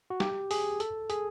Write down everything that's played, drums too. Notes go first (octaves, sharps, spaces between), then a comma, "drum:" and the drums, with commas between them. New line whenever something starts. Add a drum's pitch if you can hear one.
F#4
G4, drum: snare
G#4, drum: open hi-hat
A4, drum: hi-hat
G#4, drum: hi-hat